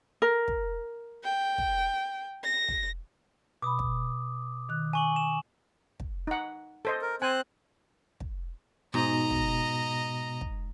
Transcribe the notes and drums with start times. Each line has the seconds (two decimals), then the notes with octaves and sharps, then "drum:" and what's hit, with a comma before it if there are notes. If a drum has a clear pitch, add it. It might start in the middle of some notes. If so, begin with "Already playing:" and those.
0.22 A#4
0.48 drum: kick
1.24 G5
1.58 drum: kick
2.44 A#6
2.68 drum: kick
3.62 B2 B5 D6 D#6
3.79 drum: kick
4.69 D#3 F#6
4.93 G#5 C#6 F#7
5.16 E7
6.00 drum: kick
6.27 D#4 F#5
6.85 A4 C5 D#5
7.02 A#4
7.22 C4 C5 G#5 F#6
8.20 drum: kick
8.94 G#2 B2 D#5 A#5
9.31 drum: kick
10.41 drum: kick